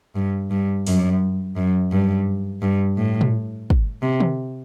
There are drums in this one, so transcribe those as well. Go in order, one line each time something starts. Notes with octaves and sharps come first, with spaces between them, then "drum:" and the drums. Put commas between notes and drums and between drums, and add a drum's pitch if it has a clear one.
G2
G2
F#2, drum: open hi-hat
F#2
G2
G2
A2
drum: tom
drum: kick
C3
drum: tom